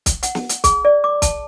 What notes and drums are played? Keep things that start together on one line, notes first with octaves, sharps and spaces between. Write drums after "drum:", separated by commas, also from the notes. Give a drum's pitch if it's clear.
drum: kick B1, hi-hat
F#5, drum: hi-hat
drum: snare
drum: hi-hat
G#4, drum: kick B1, hi-hat
D5
D6
A5, drum: kick B1, hi-hat